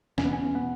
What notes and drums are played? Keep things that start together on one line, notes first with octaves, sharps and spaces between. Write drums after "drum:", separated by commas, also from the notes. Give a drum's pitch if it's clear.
E2 B2 C#4, drum: snare
B3
C#4
B3